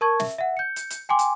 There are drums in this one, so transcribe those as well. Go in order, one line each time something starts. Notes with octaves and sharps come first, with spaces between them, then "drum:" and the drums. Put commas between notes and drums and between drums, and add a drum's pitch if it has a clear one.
A#4 A5 C#6 G#6
E5, drum: snare
E5 F#5
G6 C#7
drum: hi-hat
drum: hi-hat
G5 G#5 C6 D6
drum: hi-hat